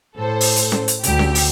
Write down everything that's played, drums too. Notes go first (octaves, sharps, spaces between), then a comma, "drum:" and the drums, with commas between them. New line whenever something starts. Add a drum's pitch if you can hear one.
A2 A4 C5
drum: open hi-hat
drum: hi-hat
drum: snare C#4
drum: hi-hat
D2 G4, drum: hi-hat
drum: snare C#4
drum: open hi-hat